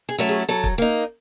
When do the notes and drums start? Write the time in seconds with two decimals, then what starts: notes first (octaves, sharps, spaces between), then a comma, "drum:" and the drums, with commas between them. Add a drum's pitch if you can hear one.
0.09 G#4
0.18 F#3 A3 C#4 E4
0.29 G#4
0.49 F#3 A4
0.64 drum: kick
0.78 A#3 D#4